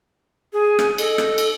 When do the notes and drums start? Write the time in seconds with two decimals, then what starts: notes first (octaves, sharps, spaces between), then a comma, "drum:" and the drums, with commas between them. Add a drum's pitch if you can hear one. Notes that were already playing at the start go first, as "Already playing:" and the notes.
0.53 G#4
0.79 drum: rim click
0.98 A4 D#5, drum: cymbal
1.18 drum: rim click
1.38 drum: cymbal